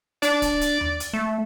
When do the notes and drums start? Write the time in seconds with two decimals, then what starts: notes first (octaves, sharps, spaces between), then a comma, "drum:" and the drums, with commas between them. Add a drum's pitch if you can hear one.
0.23 D4 D5, drum: hi-hat
0.42 drum: kick D1, hi-hat
0.61 drum: hi-hat
0.81 drum: tom D#2
1.00 drum: hi-hat
1.13 A3